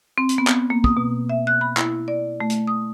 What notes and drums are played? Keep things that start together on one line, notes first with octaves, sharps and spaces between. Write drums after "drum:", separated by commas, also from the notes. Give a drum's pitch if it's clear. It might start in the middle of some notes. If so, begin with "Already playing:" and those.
C4
drum: hi-hat
B3
drum: clap
A#3
D#6, drum: kick
B2
E5
F#6
B5
E4, drum: clap
D5
A3
drum: hi-hat
D#6